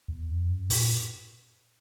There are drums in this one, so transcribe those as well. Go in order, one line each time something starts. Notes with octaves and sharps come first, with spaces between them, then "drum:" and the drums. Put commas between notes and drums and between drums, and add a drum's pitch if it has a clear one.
E2
F2
F#2
A#2, drum: open hi-hat